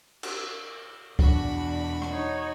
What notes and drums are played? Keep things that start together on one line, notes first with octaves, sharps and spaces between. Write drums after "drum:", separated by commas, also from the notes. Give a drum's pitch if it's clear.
drum: cymbal
E2 B2 D4 F#4 B5, drum: kick C2
drum: rim click
D#4 C#5